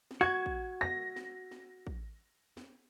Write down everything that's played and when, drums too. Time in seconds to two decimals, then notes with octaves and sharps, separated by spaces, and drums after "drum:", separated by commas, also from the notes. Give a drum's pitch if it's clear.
0.11 drum: snare
0.21 F#4 G#6
0.46 drum: kick
0.81 A#6
1.16 drum: snare
1.51 drum: snare
1.87 drum: kick
2.57 drum: snare